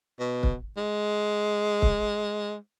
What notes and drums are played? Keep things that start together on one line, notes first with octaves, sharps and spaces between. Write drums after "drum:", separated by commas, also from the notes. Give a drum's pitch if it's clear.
B2
drum: kick
G#3
drum: kick